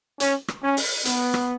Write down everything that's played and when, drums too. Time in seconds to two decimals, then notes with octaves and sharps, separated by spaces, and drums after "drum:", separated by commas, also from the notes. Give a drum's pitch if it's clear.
0.20 C#4, drum: hi-hat
0.48 drum: rim click
0.63 C#4
0.77 drum: open hi-hat
1.05 B3, drum: hi-hat
1.34 drum: rim click